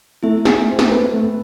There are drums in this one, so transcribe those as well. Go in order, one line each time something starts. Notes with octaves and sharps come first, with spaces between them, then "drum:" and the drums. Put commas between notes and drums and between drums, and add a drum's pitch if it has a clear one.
A3 E4 E5
G#4, drum: snare
C4
drum: snare
B4
A3